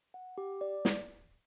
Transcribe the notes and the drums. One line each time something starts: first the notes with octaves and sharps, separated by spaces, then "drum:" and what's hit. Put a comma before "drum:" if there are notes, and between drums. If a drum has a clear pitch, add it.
F#5
G4
D5
drum: snare